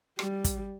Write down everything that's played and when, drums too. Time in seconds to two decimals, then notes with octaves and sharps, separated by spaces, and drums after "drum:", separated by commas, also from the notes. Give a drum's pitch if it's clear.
0.19 G3, drum: rim click
0.44 drum: kick, hi-hat